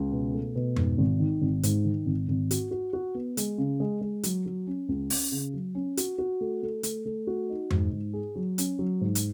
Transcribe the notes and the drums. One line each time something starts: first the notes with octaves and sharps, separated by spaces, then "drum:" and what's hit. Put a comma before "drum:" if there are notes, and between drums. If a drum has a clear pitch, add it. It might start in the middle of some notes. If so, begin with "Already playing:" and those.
Already playing: C#2
B2
A3
B2
G#2, drum: tom F2
G#1
D#3
G#1
G#2, drum: hi-hat
D#3
G#1
G#1
F#4, drum: hi-hat
F#4
F#4
B3
G#3, drum: hi-hat
C#3
G#3
G#3
F#3, drum: hi-hat
F#3
C#4
C#2
C#4, drum: open hi-hat
C#3
F#3
C#4
F#4, drum: hi-hat
F#4
A3
A3
A3, drum: hi-hat
A3
F#4
D#4
G#2, drum: tom F2
G#2
G#4
F#3
C#4, drum: hi-hat
F#3
G#2
drum: hi-hat